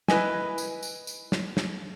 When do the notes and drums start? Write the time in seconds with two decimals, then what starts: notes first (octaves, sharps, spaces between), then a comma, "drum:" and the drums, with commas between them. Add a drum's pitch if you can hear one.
0.08 E4 B4 D#5 G#5, drum: snare
0.58 drum: tambourine
0.83 drum: tambourine
1.07 drum: tambourine
1.32 drum: snare
1.57 drum: snare